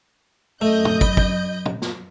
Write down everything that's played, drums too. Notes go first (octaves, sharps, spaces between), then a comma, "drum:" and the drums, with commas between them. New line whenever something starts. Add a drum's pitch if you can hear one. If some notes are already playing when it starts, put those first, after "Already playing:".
F#2 A3 D#5 G6
drum: tom
B5, drum: kick
drum: kick
drum: tom
drum: snare